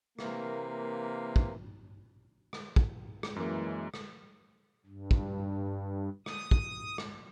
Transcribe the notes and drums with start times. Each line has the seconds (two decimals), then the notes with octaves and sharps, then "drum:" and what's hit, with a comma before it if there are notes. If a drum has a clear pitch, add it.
0.19 C3 E3 A#3, drum: rim click
1.36 drum: kick
2.53 drum: rim click
2.76 drum: kick
3.23 drum: rim click
3.36 F#2 E3 G#3 A#3
3.94 drum: rim click
4.86 G2
5.11 drum: kick
6.26 D#6, drum: rim click
6.51 drum: kick
6.98 drum: rim click